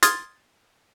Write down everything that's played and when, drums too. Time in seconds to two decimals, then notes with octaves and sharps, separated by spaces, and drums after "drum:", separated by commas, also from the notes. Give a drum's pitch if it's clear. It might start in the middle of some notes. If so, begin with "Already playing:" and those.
0.03 C6 D#6 F6 G#6 A6, drum: hi-hat